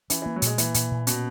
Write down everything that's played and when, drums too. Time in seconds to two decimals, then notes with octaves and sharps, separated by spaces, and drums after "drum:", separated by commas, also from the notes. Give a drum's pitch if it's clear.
0.10 E3 C#4, drum: hi-hat
0.22 E3 A#3
0.36 F#3
0.42 A#2 G#3, drum: hi-hat
0.58 E3 A#3, drum: hi-hat
0.74 A#2, drum: hi-hat
0.91 A#2
1.07 B2 C#4, drum: hi-hat